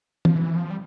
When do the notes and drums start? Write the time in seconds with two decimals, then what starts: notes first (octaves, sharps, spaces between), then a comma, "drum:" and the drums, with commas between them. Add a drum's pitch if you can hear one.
0.25 F3, drum: tom
0.36 E3
0.56 F3
0.70 G3